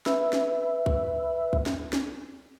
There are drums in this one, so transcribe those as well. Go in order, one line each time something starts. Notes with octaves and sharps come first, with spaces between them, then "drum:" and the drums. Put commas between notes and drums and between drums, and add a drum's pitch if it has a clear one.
B4 E5, drum: snare C4
drum: snare C4
drum: kick
drum: kick
drum: snare C4
drum: snare C4